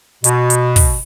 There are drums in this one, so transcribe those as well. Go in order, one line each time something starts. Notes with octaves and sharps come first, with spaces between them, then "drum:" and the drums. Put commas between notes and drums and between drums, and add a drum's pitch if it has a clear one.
B2, drum: hi-hat
drum: hi-hat
drum: kick, open hi-hat